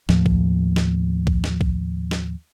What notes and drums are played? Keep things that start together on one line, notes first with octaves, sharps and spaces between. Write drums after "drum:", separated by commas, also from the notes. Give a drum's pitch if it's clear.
D#2 A2 F3, drum: snare
drum: kick B1
drum: snare
drum: kick B1
drum: snare
drum: kick B1
drum: snare